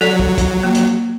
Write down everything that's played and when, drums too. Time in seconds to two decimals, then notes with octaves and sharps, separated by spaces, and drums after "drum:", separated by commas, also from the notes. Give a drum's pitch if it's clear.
0.01 F#3 A4 D5
0.19 drum: kick
0.38 drum: kick, hi-hat
0.63 A#3
0.75 drum: hi-hat